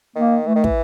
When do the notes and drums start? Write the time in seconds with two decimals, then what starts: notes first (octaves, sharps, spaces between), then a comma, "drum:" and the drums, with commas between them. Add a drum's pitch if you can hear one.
0.16 D#3 A#3
0.46 E3 A3
0.55 D#3
0.64 E3, drum: kick